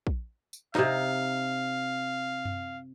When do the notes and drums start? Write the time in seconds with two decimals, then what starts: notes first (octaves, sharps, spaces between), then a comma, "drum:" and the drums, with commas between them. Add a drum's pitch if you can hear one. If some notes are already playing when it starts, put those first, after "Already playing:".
0.07 drum: kick A#1
0.53 drum: tambourine
0.75 C3 D#4 F5, drum: snare
2.45 drum: tom F#2